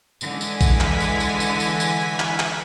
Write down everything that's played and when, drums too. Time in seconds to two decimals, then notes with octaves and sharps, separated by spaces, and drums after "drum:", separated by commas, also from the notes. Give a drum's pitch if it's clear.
0.21 D3 E3 G#3 G#5 B6, drum: tambourine
0.41 drum: tambourine
0.61 drum: kick A#1, tambourine
0.81 drum: clap
1.00 drum: tambourine
1.20 drum: tambourine
1.40 drum: tambourine
1.60 drum: tambourine
1.80 drum: tambourine
2.20 drum: clap
2.40 drum: clap